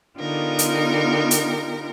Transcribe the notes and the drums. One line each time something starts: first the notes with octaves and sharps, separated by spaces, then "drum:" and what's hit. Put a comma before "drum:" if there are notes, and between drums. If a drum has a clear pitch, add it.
D3 B3 D#4 F4 G4 A#4
drum: hi-hat
drum: hi-hat